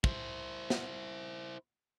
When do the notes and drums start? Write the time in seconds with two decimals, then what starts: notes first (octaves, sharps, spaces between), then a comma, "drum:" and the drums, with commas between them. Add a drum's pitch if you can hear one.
0.04 E4 C5, drum: kick
0.70 drum: snare